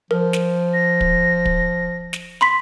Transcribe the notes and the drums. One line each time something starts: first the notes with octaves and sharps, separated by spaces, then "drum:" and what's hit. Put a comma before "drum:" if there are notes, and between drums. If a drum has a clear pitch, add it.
F3 A#4
drum: snare
A#6
drum: kick
drum: kick
drum: snare
B5 C6 B6